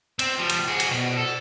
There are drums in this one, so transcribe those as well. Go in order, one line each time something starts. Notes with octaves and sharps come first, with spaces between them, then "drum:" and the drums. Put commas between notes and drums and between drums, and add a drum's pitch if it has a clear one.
C4, drum: cymbal
F3 G3
drum: cymbal
F#4 G#4
drum: cymbal
B2
A4